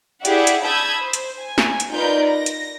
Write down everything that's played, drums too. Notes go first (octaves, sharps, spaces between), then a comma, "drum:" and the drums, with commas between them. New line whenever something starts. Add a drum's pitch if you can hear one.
E4 G4 G#4 D5 E5 F#5, drum: hi-hat
drum: hi-hat
A5 B5 D#6 E6 G6 G#6
C5
drum: hi-hat
G#5
drum: snare
drum: hi-hat
D#4 F4 A#4 B4 D5 G6
A#6
drum: hi-hat